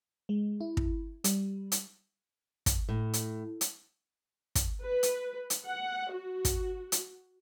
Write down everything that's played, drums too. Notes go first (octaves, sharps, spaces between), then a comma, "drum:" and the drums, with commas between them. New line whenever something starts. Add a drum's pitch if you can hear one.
G#3
E4
drum: kick
G3, drum: hi-hat
drum: hi-hat
drum: kick, hi-hat
A2
drum: hi-hat
drum: hi-hat
drum: kick, hi-hat
B4
drum: hi-hat
drum: hi-hat
F#5
F#4
drum: kick, hi-hat
drum: hi-hat